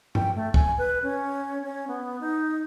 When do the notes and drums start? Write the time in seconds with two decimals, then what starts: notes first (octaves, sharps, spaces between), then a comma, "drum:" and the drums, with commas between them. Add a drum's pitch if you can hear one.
0.15 G5, drum: tom G2
0.35 A3
0.54 G#5, drum: kick
0.78 B4
1.03 C#4
1.61 C#4
1.88 B3
2.20 D#4